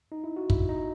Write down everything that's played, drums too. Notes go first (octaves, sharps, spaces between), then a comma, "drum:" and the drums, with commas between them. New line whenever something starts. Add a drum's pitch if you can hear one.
D#4
E4
F#4
E4, drum: kick
D#4